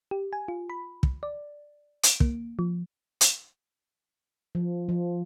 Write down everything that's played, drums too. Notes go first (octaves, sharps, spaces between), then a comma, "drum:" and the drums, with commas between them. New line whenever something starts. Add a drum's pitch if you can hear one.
G4
G#5
F4
B5
drum: kick
D5
D7, drum: hi-hat
A#3, drum: kick
F3
drum: hi-hat
F3
F3